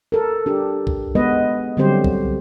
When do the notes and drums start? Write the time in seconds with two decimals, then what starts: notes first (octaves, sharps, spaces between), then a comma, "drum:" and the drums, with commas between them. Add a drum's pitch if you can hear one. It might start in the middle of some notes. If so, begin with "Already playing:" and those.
0.12 A4 A#4
0.46 D4 G4
0.87 drum: kick B1
1.15 G#3 B3 B4 D#5
1.77 D3 F#3 G3 C4 G4 C5
2.04 drum: kick B1